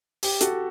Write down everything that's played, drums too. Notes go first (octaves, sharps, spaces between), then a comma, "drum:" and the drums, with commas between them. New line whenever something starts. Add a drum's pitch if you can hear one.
G4, drum: open hi-hat
F#4 A4, drum: hi-hat